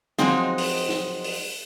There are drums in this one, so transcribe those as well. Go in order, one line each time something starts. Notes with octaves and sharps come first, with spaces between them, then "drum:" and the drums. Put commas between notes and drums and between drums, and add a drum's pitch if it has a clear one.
F3 F#3 G#3 C4 D#4, drum: tom F#3
drum: open hi-hat
drum: snare
drum: open hi-hat